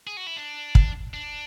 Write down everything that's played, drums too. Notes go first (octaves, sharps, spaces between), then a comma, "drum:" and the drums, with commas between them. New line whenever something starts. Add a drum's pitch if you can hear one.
G#4
F#4
E4
D4
drum: kick
D4